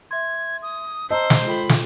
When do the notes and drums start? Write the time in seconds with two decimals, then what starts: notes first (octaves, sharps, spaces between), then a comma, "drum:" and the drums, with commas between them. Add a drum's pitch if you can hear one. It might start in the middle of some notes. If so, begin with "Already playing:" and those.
0.11 E5 C6 G#6
0.62 D#6
1.11 C5 D#5 A5 A#5 E6
1.30 drum: snare
1.47 F4 A4 G5 B5
1.69 drum: snare